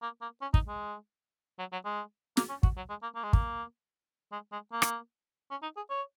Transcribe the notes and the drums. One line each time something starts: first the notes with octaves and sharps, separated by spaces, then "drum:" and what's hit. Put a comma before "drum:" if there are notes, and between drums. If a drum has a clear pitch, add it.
A#3
A#3
C#4
D#4, drum: kick
G#3
F#3
F#3
G#3
A#3, drum: snare
C#4
F#4, drum: kick
F#3
G#3
A#3
A#3
G#3
A#3, drum: kick
G#3
G#3
A#3
drum: rim click
C#4
D#4
G#4
C#5